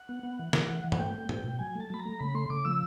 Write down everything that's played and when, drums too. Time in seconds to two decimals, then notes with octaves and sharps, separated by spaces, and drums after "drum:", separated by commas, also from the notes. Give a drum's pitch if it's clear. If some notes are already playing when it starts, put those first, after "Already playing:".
Already playing: F#5
0.09 B3
0.23 B3
0.39 E3
0.53 E3, drum: snare
0.69 E3
0.84 E3
0.92 F#5, drum: tom
0.99 A3 G5
1.14 A3
1.29 A3, drum: tom G#2
1.44 B2
1.59 F#3 G#5
1.75 A3
1.80 A5
1.90 F#3 B5
1.99 A#5
2.05 A3
2.19 C#3 B5
2.35 A3 C6
2.50 C#3 D6
2.65 F3 E6